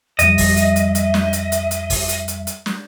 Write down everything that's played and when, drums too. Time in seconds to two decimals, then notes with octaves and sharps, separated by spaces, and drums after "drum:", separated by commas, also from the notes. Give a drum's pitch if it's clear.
0.19 F2 G3 D#5 E5, drum: hi-hat
0.38 drum: kick, open hi-hat
0.57 drum: hi-hat
0.76 drum: hi-hat
0.95 drum: hi-hat
1.14 drum: snare
1.33 drum: hi-hat
1.52 drum: hi-hat
1.71 drum: hi-hat
1.90 drum: kick, open hi-hat
2.09 drum: hi-hat
2.28 drum: hi-hat
2.47 drum: hi-hat
2.66 drum: snare